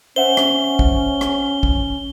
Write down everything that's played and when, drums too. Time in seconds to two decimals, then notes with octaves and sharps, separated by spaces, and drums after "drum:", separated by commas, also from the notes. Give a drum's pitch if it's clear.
0.16 C#4 C5 E5 F#5 G7
0.37 drum: rim click
0.79 drum: kick
1.21 drum: rim click
1.63 drum: kick